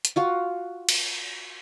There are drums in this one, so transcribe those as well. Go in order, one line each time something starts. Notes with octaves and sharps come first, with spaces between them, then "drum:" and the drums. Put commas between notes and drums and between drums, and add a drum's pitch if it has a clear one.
drum: hi-hat
F4 F#4 F5
drum: cymbal